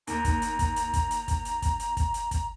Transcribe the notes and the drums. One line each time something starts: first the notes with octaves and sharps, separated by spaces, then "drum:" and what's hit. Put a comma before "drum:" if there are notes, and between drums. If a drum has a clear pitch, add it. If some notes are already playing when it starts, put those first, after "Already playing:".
D#2 A#5, drum: hi-hat
drum: kick, hi-hat
drum: hi-hat
drum: kick, hi-hat
drum: hi-hat
drum: kick, hi-hat
drum: hi-hat
drum: kick, hi-hat
drum: hi-hat
drum: kick, hi-hat
drum: hi-hat
drum: kick, hi-hat
drum: hi-hat
drum: kick, hi-hat